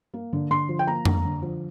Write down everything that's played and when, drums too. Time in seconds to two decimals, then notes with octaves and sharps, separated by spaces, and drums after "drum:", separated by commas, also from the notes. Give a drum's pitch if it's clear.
0.14 A#3
0.33 D3
0.50 D3 C6
0.69 F3
0.79 G5
0.87 A#3 A#5
1.05 D3, drum: tom F2
1.25 D3
1.42 F3